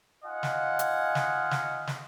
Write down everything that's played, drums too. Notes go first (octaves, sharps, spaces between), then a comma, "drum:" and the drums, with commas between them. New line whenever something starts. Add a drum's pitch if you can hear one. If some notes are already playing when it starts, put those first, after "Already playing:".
D#4 F4 D#5 F5 F#5 G#5
drum: snare
drum: hi-hat
drum: snare
drum: snare
drum: snare